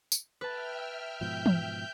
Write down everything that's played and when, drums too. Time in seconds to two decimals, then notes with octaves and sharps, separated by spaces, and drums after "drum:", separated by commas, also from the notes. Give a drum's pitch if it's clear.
0.12 drum: tambourine
0.41 B4 E5 G5 A5 F6
1.21 G#2 B2 F3 G6
1.46 drum: tom E3